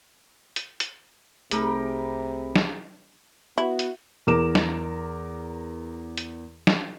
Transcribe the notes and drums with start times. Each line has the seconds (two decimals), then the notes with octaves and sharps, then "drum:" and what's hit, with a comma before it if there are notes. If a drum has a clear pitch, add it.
0.56 drum: hi-hat
0.80 drum: hi-hat
1.51 C2 C3 A3 D#4 G4 G#4 A#4 B5, drum: hi-hat
2.56 drum: snare
3.58 B3 E4 F#4
3.79 drum: hi-hat
4.27 E2 A#4 D6 E7
4.55 drum: snare
6.18 drum: hi-hat
6.67 drum: snare